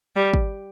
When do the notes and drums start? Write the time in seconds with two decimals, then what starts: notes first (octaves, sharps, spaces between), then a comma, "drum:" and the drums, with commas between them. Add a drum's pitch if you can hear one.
0.16 G3
0.34 drum: kick